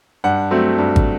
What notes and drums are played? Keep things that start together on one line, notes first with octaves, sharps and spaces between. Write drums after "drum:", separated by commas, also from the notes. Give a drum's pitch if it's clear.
G2 F#5
F#3 A3 C4
G2
drum: kick